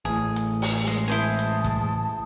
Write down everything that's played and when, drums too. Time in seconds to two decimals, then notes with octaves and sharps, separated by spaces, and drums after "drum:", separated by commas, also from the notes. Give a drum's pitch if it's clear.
0.05 A1 A2 G#4
0.36 drum: hi-hat
0.62 drum: open hi-hat
0.88 G#3, drum: hi-hat
1.08 G#3 E4 C5 G#5 A5 D#6
1.39 drum: hi-hat
1.64 drum: kick, hi-hat